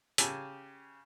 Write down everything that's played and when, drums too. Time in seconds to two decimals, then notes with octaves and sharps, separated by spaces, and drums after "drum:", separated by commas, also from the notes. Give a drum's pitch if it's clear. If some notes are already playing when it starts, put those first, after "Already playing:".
0.18 C#3 G4 G#5 A5 E6, drum: hi-hat